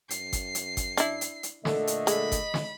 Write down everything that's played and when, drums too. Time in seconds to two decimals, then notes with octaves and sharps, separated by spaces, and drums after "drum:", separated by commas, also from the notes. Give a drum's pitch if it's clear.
0.10 F#2 C7, drum: hi-hat
0.33 drum: kick G1, hi-hat
0.55 drum: hi-hat
0.77 drum: kick G1, hi-hat
0.97 D4 E4, drum: hi-hat
1.21 drum: hi-hat
1.43 drum: hi-hat
1.65 A#2 D3 A3 D#5, drum: snare
1.87 drum: hi-hat
2.07 G#3 B5, drum: hi-hat
2.32 drum: kick G1, hi-hat
2.54 drum: snare